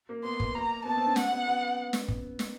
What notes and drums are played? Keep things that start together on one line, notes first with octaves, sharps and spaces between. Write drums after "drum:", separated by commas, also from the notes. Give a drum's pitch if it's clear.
A#3
B3 C6
B3, drum: kick
A#3 A#5
B3 A5
C4
C#4
C4 F#5, drum: snare
B3
B3
drum: snare
drum: kick
drum: snare